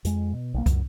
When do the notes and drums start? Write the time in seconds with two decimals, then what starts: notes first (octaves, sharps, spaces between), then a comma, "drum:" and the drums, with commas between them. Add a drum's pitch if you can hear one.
0.05 F2 G#3, drum: hi-hat
0.33 B2
0.54 B1 A#3
0.66 C#2 F#2, drum: kick, hi-hat